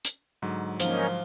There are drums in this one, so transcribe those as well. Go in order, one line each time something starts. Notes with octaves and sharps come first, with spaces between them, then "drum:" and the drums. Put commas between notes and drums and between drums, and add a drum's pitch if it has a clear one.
drum: hi-hat
G#2 D3 F#3
F3 A#3 C#4 D#4, drum: hi-hat